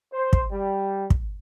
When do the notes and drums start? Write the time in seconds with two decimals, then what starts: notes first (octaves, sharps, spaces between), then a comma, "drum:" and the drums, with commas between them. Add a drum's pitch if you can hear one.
0.13 C5
0.33 drum: kick
0.52 G3
1.10 drum: kick